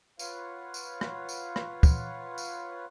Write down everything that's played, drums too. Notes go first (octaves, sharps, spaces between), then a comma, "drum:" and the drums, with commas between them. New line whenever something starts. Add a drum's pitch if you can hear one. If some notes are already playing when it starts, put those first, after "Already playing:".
F4 B4 C#5 F5 F#5, drum: tambourine
drum: tambourine
drum: rim click
drum: tambourine
drum: rim click
drum: kick, tambourine
drum: tambourine